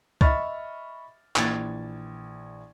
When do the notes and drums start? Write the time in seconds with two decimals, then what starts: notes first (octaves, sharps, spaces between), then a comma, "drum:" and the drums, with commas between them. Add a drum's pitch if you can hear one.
0.21 D#5 E5 B5 C#6 F6 A6, drum: kick C#2
1.36 A#1 E3 G#6 A6, drum: clap